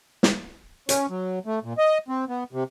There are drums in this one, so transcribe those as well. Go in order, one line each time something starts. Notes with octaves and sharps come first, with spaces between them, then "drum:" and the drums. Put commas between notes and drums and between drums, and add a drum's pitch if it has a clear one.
drum: snare
C#4, drum: hi-hat
F#3
A3
A#2
D#5
C4
B3
C3